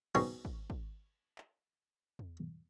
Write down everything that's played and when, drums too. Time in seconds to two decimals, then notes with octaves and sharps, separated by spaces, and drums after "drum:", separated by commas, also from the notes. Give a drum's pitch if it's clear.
0.15 B2 C4 D#4 G#4 C#5, drum: cymbal
0.45 drum: kick
0.70 drum: kick
1.38 drum: clap
2.19 drum: tom E2